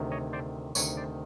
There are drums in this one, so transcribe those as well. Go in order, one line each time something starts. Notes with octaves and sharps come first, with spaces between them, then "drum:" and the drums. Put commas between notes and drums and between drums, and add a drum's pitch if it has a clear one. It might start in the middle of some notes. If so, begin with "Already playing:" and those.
Already playing: D2 C3 D#3
C#5 D#5
C5 D5
D2 C3 D#3 B4 C#5, drum: tambourine
C5 D5